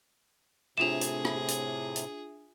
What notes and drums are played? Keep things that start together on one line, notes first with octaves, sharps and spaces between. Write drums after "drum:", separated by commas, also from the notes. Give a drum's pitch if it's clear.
A2 C3 D4 F4 G#4 E5 E7 F7
drum: hi-hat
drum: rim click
drum: hi-hat
drum: hi-hat